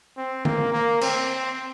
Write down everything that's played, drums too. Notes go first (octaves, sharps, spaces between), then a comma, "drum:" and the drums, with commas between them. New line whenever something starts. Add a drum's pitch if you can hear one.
C4
A#3, drum: tom D3
A#3
C4, drum: cymbal